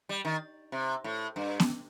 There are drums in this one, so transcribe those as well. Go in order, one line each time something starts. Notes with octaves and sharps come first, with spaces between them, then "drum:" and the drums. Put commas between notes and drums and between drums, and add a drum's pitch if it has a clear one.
G3
D#3
C3
A2
G2
drum: snare B3